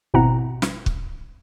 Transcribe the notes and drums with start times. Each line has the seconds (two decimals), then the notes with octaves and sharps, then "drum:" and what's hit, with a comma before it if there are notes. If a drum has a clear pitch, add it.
0.14 G#1 B2 C4 E4 F#5 A#5
0.62 drum: snare
0.86 drum: kick